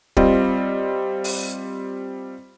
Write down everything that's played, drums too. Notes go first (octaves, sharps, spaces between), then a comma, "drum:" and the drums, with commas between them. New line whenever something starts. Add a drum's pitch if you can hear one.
G3 C4 F4 D#5, drum: kick
drum: open hi-hat